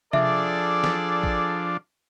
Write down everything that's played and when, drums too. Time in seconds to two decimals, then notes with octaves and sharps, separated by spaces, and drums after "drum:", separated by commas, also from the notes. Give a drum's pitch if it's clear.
0.13 F3 D4 G#4 A4 D5 E5, drum: tom C3
0.84 drum: snare
1.23 drum: kick